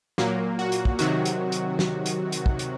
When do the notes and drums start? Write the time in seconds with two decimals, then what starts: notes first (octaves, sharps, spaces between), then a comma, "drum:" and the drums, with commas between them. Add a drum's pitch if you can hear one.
0.18 A#2 F#3 A#3, drum: snare
0.59 F#4
0.72 drum: hi-hat
0.85 drum: kick
0.99 C3 D#3 F#3 F#4, drum: hi-hat
1.25 drum: hi-hat
1.52 drum: hi-hat
1.79 drum: snare
2.06 drum: hi-hat
2.32 drum: hi-hat
2.46 drum: kick
2.59 drum: hi-hat